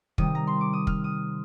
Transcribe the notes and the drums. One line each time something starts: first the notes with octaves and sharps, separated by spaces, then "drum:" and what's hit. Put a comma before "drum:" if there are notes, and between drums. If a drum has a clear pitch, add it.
C3 D#3 G3 D#6, drum: kick
A#5
C6
D6
D#6
F6, drum: kick
D#6